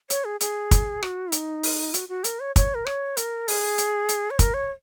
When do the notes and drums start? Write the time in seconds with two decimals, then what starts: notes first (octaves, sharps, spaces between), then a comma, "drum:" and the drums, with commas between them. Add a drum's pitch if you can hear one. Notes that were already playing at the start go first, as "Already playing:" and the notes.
0.10 C#5, drum: hi-hat
0.25 G#4
0.40 G#4, drum: hi-hat
0.71 drum: kick, hi-hat
1.03 F#4, drum: rim click
1.32 D#4, drum: hi-hat
1.63 drum: open hi-hat
1.94 F#4, drum: hi-hat
2.09 F#4
2.24 A#4, drum: hi-hat
2.40 C#5
2.56 C#5, drum: kick, hi-hat
2.75 A#4
2.87 C#5, drum: rim click
3.17 A#4, drum: hi-hat
3.48 G#4, drum: open hi-hat
3.78 drum: hi-hat
4.09 drum: hi-hat
4.31 C#5
4.39 A#4, drum: kick, hi-hat
4.54 C#5